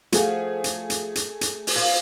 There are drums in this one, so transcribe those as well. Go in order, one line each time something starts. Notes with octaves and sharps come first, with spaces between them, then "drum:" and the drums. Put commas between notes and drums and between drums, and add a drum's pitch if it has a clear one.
F3 A3 F#4 G#4, drum: hi-hat
drum: hi-hat
drum: hi-hat
drum: hi-hat
drum: hi-hat
drum: open hi-hat
F4 C5